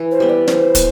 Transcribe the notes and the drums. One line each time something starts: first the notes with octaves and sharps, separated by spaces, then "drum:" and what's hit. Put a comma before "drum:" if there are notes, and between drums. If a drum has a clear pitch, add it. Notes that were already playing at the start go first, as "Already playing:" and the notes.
Already playing: E3
C5
G3 B3
D5
E3 C5, drum: snare
B3, drum: kick, hi-hat